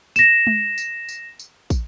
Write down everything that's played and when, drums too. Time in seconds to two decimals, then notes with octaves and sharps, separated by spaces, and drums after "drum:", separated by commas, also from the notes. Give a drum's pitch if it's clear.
0.16 A#6 E7, drum: tambourine
0.47 drum: tom G#3
0.78 drum: tambourine
1.09 drum: tambourine
1.39 drum: tambourine
1.70 drum: kick, tambourine